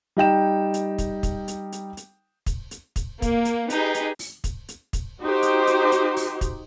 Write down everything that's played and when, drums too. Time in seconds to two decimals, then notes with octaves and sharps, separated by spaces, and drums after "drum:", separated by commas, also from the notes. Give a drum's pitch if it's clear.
0.17 G3 D#4 G5 E7
0.74 drum: hi-hat
0.98 drum: kick, hi-hat
1.23 drum: kick, hi-hat
1.48 drum: hi-hat
1.72 drum: hi-hat
1.97 drum: hi-hat
2.46 drum: kick, hi-hat
2.71 drum: hi-hat
2.96 drum: kick, hi-hat
3.22 A#3, drum: kick, hi-hat
3.45 drum: hi-hat
3.70 D#4 G4 G#4 B4, drum: hi-hat
3.94 drum: hi-hat
4.19 drum: open hi-hat
4.44 drum: kick, hi-hat
4.68 drum: hi-hat
4.93 drum: kick, hi-hat
5.22 D#4 F#4 G4 C5
5.42 drum: hi-hat
5.67 drum: hi-hat
5.92 drum: hi-hat
6.17 drum: open hi-hat
6.41 drum: kick, hi-hat